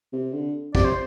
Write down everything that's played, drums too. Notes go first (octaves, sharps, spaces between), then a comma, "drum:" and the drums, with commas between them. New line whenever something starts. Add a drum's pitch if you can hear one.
C3
D3
C3 D5, drum: kick
C5